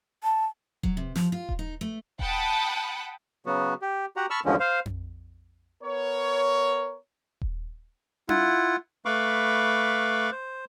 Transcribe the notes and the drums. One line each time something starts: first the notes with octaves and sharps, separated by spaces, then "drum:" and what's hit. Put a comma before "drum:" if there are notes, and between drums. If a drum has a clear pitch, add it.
A5
F#3, drum: kick D#1
C3
F3, drum: snare
F4
drum: kick D#1
D#4
A3
F#5 G5 A5 B5 D#6, drum: kick D#1
C#3 F#3 B3 F#4
G4
F#4 G4 F#5 A#5
A5 B5 C#6 E6 F6
E2 G2 D3 F3 G#3 C#4
C5 F5
drum: tom F2
B3 A#4 C#5
drum: kick D#1
E4 F4 F#5, drum: tom D4
A3 B4 F5 B5 C#6 D6
C5